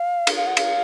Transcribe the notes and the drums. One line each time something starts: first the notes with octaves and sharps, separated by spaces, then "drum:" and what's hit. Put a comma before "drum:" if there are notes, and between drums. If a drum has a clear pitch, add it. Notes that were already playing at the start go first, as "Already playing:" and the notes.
Already playing: F5
drum: cymbal
F5
F#5
F5, drum: cymbal